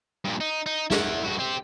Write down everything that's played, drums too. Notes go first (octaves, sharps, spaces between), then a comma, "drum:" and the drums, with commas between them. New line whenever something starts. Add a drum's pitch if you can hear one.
G2 A#2
D#4
D#4
E4 F#5, drum: snare
G2 F#4
C4 G4